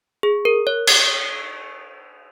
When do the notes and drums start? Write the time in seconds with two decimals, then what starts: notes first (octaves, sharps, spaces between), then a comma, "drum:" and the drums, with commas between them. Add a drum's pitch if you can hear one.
0.23 G#4
0.45 A#4
0.67 C#5
0.87 drum: cymbal